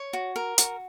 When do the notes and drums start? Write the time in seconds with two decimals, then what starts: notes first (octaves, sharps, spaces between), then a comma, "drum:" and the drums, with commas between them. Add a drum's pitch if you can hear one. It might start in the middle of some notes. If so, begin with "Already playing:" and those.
Already playing: C#5
0.13 F#4
0.36 A#4
0.58 F#4, drum: hi-hat